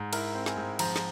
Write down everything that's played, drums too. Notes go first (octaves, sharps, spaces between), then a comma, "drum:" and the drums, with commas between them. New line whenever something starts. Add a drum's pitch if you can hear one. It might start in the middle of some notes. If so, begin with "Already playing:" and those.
Already playing: G#2
E4 A#4, drum: cymbal
C4
G#5, drum: snare
G#2
F3 A#5, drum: cymbal
drum: snare